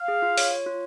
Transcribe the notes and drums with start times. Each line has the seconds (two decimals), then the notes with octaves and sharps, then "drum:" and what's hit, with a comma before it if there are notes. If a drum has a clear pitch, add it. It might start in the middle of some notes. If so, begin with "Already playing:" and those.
Already playing: F5
0.08 G#4
0.22 F4
0.38 C#5, drum: open hi-hat
0.51 C#5
0.66 F4